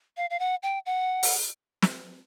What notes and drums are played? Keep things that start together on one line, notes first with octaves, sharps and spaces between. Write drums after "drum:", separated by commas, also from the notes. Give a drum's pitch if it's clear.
F5
F5
F#5
G5
F#5
drum: open hi-hat
drum: snare